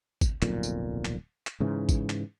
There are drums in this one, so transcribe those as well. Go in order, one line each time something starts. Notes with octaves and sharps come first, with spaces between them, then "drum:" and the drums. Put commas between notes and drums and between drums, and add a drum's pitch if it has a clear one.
drum: kick G#1, tambourine
D1 B1 F2 A#2, drum: clap
drum: tambourine
drum: clap
drum: clap
G#2 C#3 E3
drum: kick G#1, tambourine
drum: clap